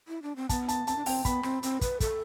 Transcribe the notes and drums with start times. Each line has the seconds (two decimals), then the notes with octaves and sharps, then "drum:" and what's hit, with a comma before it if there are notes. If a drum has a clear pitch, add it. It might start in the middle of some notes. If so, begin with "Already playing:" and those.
0.08 E4
0.23 D4
0.36 C4
0.49 B3 A5, drum: kick, hi-hat
0.68 A5, drum: hi-hat
0.87 C4 A5, drum: hi-hat
0.96 D4
1.06 C4 G5, drum: open hi-hat
1.25 B3 B5, drum: kick, hi-hat
1.43 C4, drum: rim click
1.63 C4, drum: hi-hat
1.81 B4, drum: kick, hi-hat
2.00 A4, drum: kick, hi-hat